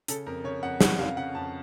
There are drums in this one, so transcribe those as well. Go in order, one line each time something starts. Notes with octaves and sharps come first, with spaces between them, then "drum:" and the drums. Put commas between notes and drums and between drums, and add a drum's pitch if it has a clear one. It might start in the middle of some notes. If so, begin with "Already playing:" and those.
C#3 A4, drum: hi-hat
F2 A#4
C#3 C#5
F2 F#5
C#3 F#5, drum: snare
F2 F5
C#3 F#5
F2 A5